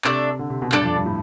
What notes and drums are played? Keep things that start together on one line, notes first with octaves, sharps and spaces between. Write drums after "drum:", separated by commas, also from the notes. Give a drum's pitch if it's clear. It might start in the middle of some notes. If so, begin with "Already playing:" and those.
C3 A3 D4 A4 D5, drum: clap
D3
C3
B2
G2 D4 A4 D5, drum: clap
F2
G2
A2